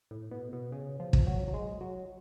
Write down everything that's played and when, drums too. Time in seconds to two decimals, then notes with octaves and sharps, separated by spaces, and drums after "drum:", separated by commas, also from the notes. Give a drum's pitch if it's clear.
0.11 A2
0.31 B2
0.53 B2
0.72 C#3
1.00 F3
1.13 drum: kick
1.27 F#3
1.48 F#3
1.54 G#3
1.81 F#3